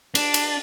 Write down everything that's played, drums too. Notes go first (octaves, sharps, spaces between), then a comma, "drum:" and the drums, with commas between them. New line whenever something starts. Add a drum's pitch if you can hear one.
D4, drum: cymbal
drum: cymbal